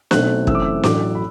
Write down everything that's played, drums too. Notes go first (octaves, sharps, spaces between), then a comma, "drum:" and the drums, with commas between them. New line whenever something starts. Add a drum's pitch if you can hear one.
B1 B2 F#3 A3 C4 F#6, drum: snare
F#2 E3 A3 C4 E6, drum: kick
D6
E6
A1 A2 F#3 D6, drum: snare
B5